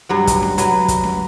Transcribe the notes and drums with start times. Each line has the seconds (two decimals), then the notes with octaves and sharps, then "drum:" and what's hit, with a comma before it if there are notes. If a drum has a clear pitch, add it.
0.09 G2 F#3 F#5
0.27 drum: kick, hi-hat
0.43 drum: snare C#4
0.58 F#3 B4, drum: hi-hat
0.88 drum: kick, hi-hat
1.04 drum: snare C#4